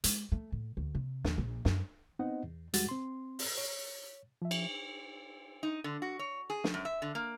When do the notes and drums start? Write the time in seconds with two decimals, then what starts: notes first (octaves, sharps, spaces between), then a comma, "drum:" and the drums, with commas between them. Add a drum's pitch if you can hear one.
0.04 G#3, drum: hi-hat
0.32 A3
0.52 A2
0.77 D2
0.95 C3
1.25 D#2, drum: snare
1.38 A#1
1.65 F#2, drum: snare
2.19 B3 C4 D#4 C5 D#5 F#5
2.44 E2
2.74 E2 G3 G#3 F#4 F#5 A6, drum: hi-hat
2.89 C4 C6
3.39 drum: open hi-hat
3.58 C#5
4.42 F3 E5
4.51 drum: cymbal
5.63 D#4
5.84 D3
6.02 F#4
6.19 C#5
6.50 G#4
6.64 drum: snare
6.74 F#2
6.85 E5
7.02 D3
7.15 A#3